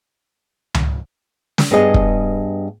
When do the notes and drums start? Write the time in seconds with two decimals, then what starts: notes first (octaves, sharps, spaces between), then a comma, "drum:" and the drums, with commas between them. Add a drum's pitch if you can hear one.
0.74 drum: tom C#2
1.58 drum: snare
1.71 G2 B3 G#4 D#5
1.94 drum: kick